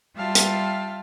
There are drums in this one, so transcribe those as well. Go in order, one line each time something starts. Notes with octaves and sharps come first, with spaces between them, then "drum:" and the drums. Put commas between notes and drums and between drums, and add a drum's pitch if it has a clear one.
G3 F4 E5 F5 G5 A5
drum: hi-hat